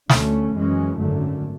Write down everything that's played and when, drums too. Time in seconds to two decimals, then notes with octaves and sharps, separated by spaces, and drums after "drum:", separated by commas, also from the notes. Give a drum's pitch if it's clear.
0.09 D2 D3 A3 C#4, drum: snare
0.53 F#2 E3 G#3 C#4
0.97 G#1 F#2 D3 A3